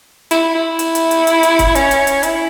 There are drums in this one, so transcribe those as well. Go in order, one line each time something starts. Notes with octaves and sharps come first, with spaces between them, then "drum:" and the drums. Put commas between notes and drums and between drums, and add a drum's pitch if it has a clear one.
E4, drum: hi-hat
E4
drum: hi-hat
drum: hi-hat
drum: hi-hat
drum: hi-hat
drum: hi-hat
drum: kick, hi-hat
C#4, drum: hi-hat
drum: hi-hat
drum: hi-hat
E4, drum: hi-hat